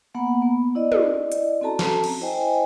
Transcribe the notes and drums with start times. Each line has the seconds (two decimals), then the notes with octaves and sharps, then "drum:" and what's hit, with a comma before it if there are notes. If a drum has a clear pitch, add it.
0.15 A#3 B3 F#5 A#5 B5
0.42 B3
0.75 E4 D5 D#5
0.92 drum: tom
1.32 drum: hi-hat
1.61 C4 C#4 F#4 A4 A5 A#5
1.79 drum: snare
2.04 drum: cymbal
2.21 E4 C5 D#5 G5 G#5